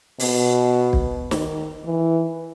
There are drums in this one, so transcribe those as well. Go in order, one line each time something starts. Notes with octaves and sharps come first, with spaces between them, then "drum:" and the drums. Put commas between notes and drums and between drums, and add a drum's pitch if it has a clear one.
B2, drum: open hi-hat
drum: kick
D#3, drum: snare
E3